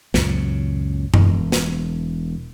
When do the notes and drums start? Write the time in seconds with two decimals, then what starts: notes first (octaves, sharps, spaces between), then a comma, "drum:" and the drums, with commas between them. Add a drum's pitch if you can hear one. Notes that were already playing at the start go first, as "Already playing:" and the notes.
0.14 C#2 F#2 A#2 C#3, drum: snare
1.14 E1, drum: tom F#2
1.52 drum: snare